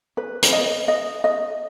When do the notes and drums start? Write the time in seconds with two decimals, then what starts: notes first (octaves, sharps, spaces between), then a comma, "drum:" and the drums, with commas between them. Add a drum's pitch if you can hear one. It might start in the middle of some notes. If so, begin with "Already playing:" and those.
0.17 B4
0.43 drum: hi-hat
0.52 D#5
0.88 D#5
1.24 D#5